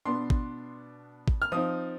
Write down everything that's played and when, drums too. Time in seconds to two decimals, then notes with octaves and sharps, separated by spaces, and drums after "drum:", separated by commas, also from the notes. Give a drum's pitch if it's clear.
0.05 B2 B3 D4 C6
0.30 drum: kick G#1
1.28 drum: kick G#1
1.42 F6
1.52 F3 C4 D#4 D#6